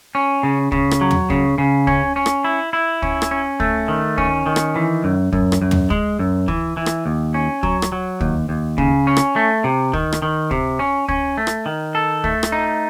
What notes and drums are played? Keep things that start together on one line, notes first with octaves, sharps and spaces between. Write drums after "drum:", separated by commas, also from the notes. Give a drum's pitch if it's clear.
C#4
C#3
C#3, drum: kick
drum: rim click
F#3
drum: tom
C#3, drum: kick
C#3
C#4, drum: kick
C#4
drum: rim click
E4
E4
C#4, drum: kick
drum: rim click
C#4
A3, drum: kick
D#3
C#4, drum: kick
D#3
drum: rim click
E3
F#2
F#2, drum: kick
drum: rim click
F#2
drum: tom
G#3, drum: kick
F#2
E3, drum: kick
E3
drum: rim click
D#2
C#4
F#3, drum: kick
drum: rim click
F#3
D#2, drum: kick
D#2
C#3, drum: kick
C#4
drum: rim click
A3
C3
D#3, drum: kick
drum: rim click
D#3
C3, drum: kick
C#4
C#4, drum: kick
A3
drum: rim click
D#3
A4
A3, drum: kick
drum: rim click
D#4